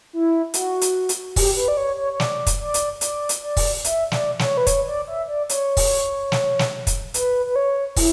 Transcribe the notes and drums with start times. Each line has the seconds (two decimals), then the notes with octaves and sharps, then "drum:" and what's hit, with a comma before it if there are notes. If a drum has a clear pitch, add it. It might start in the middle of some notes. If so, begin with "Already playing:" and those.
0.13 E4
0.54 F#4, drum: hi-hat
0.81 drum: hi-hat
1.09 drum: hi-hat
1.36 G4, drum: kick, open hi-hat
1.57 B4
1.68 D5
1.77 C#5
1.98 C#5
2.13 C#5
2.20 D5, drum: snare
2.47 drum: kick, hi-hat
2.60 D5
2.74 drum: hi-hat
3.01 D5, drum: hi-hat
3.29 drum: hi-hat
3.43 D5
3.57 drum: kick, open hi-hat
3.84 E5, drum: hi-hat
4.12 D5, drum: snare
4.39 C#5, drum: snare
4.57 B4
4.67 C#5, drum: kick, hi-hat
4.87 D5
5.08 E5
5.28 D5
5.49 C#5, drum: hi-hat
5.77 drum: kick, open hi-hat
6.32 drum: snare
6.59 drum: snare
6.87 drum: kick, hi-hat
7.14 B4, drum: hi-hat
7.46 B4
7.56 C#5
7.96 E4, drum: kick, open hi-hat